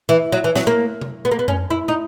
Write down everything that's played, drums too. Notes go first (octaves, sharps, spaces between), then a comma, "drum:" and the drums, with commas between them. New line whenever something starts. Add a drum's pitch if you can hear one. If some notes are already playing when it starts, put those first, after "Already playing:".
E3
F#3
E3
F#3, drum: snare
A#3
drum: tom C3
B3
A#3
B3
C#4, drum: tom F2
E4
D#4